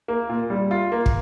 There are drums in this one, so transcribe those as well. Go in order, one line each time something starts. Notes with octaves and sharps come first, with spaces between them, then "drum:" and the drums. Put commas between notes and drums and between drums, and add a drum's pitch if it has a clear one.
A#3
A#2
G3
F4
A#3
drum: kick